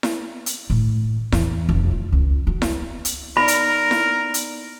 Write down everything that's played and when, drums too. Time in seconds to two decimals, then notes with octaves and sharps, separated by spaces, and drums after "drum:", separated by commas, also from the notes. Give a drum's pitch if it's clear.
0.03 drum: snare E4
0.46 drum: hi-hat
0.70 A2
1.32 E2, drum: snare E4
1.69 F1
1.91 F4
2.12 C#2
2.47 F#3
2.62 drum: snare E4
3.05 drum: hi-hat
3.37 B3 D#4 A#4 D5 B5
3.48 drum: hi-hat
3.91 drum: snare E4
4.34 drum: hi-hat